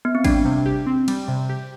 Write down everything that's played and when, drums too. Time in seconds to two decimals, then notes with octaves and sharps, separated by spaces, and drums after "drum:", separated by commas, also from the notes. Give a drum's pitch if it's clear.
0.05 B3
0.15 C4
0.24 G3 D4, drum: kick, cymbal
0.45 C3
0.66 G4
0.87 C4
1.08 G3, drum: cymbal
1.28 C3
1.49 G4